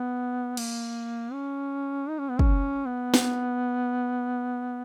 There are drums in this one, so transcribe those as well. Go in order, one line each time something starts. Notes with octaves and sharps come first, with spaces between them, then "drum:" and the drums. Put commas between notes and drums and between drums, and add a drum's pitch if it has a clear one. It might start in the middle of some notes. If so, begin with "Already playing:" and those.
Already playing: B3
A#3, drum: cymbal
C#4
D#4
C#4
B3
C#4, drum: kick
B3
drum: snare